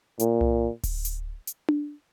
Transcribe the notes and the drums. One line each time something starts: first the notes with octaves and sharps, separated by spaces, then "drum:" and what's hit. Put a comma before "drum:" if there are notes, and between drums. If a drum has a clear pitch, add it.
A#2, drum: hi-hat
drum: tom C2
drum: kick D1, open hi-hat
drum: hi-hat
drum: hi-hat
drum: tom D4